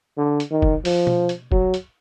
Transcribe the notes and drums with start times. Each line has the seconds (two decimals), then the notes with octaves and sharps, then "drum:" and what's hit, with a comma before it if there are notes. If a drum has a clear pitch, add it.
0.18 D3
0.40 drum: hi-hat
0.51 D#3
0.62 drum: kick
0.85 F3, drum: open hi-hat
1.07 drum: tom B2
1.29 drum: hi-hat
1.52 F#3, drum: kick
1.74 drum: hi-hat